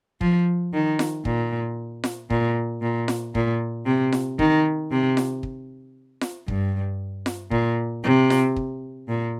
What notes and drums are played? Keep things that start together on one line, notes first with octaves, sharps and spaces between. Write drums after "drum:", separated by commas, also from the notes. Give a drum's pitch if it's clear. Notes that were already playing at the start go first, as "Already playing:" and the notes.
F3, drum: kick
D#3
drum: snare F4
A#2, drum: kick
drum: snare F4
A#2, drum: kick
A#2
drum: snare F4
A#2, drum: kick
C3
drum: snare F4
D#3, drum: kick
C3
drum: snare F4
drum: kick
drum: snare F4
G2, drum: kick
drum: snare F4
A#2, drum: kick
C3
drum: snare F4
drum: kick
A#2